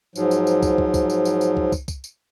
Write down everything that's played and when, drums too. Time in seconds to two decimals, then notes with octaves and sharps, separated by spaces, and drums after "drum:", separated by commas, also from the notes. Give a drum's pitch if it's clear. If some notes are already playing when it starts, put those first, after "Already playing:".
0.15 G#2 F3 F#3, drum: tambourine
0.31 drum: tambourine
0.47 drum: tambourine
0.63 drum: kick, tambourine
0.78 drum: kick
0.94 drum: kick, tambourine
1.10 drum: tambourine
1.25 drum: tambourine
1.41 drum: tambourine
1.57 drum: kick
1.72 drum: kick, tambourine
1.88 drum: kick, tambourine
2.04 drum: tambourine